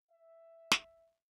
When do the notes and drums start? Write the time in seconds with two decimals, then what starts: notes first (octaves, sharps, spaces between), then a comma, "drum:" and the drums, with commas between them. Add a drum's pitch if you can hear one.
0.10 E5
0.72 drum: snare